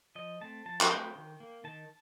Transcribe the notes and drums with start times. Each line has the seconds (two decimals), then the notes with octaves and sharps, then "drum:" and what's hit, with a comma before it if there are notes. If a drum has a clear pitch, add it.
0.15 F3 D#5
0.41 A3 C4 A5
0.66 F3 A5
0.81 drum: clap
0.90 A3 C4 G5
1.15 D#3
1.40 A#3
1.64 D#3 A5